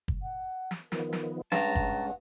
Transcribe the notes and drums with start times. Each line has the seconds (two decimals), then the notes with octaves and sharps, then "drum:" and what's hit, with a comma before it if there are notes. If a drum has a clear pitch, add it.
0.08 drum: kick
0.22 F#5
0.71 drum: snare
0.92 D#3 F3 B3 A#4, drum: snare
1.13 drum: snare
1.52 G2 G#3 C#4 F#5 A5 A#5, drum: snare
1.75 drum: kick